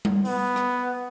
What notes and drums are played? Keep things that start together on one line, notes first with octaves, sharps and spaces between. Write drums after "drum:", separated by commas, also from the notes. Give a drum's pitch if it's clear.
drum: tom G3
B3, drum: open hi-hat
drum: rim click